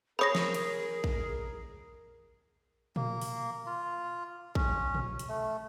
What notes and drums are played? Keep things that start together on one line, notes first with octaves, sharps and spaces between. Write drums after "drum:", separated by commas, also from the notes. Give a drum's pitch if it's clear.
G#4 A#4 C5 C#5 B5 D#6 A#6
drum: snare
drum: cymbal
drum: kick
A#3, drum: tom A#2
drum: open hi-hat
F4
C#4, drum: kick
drum: tom A#2
drum: hi-hat
A3